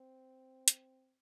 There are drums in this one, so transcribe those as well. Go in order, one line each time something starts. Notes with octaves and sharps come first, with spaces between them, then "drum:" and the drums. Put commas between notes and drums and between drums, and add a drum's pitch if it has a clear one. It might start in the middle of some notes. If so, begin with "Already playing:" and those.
Already playing: C4
drum: hi-hat